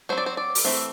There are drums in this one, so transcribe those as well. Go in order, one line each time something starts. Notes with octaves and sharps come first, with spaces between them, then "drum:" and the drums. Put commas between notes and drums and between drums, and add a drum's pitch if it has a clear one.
F#3 C4 C5
D5
C5
D5
drum: open hi-hat
E3 A3 C4 E5